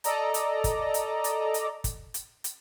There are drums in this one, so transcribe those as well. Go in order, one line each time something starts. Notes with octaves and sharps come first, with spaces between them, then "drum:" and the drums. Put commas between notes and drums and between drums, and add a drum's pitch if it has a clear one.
A4 D5 D#5 A#5, drum: hi-hat
drum: hi-hat
drum: kick, hi-hat
drum: hi-hat
drum: hi-hat
drum: hi-hat
drum: kick, hi-hat
drum: hi-hat
drum: hi-hat